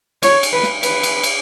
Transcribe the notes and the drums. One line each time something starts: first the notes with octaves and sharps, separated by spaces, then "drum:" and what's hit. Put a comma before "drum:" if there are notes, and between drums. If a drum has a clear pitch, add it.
C#5, drum: cymbal
drum: cymbal
B4
drum: snare
B4, drum: cymbal
drum: cymbal
drum: cymbal